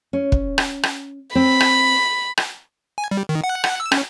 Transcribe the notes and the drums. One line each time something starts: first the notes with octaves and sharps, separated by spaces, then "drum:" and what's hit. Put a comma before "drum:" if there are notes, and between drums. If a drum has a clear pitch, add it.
C#4
drum: kick
drum: rim click
drum: rim click
C4 B5
drum: rim click
drum: rim click
G#5
G3
D#3
F#5
F#5, drum: rim click
E6
C#4, drum: rim click